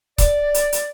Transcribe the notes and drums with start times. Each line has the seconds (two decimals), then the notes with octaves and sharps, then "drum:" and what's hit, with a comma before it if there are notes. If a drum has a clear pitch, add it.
0.18 D5, drum: kick C#1, hi-hat
0.54 drum: hi-hat
0.72 drum: hi-hat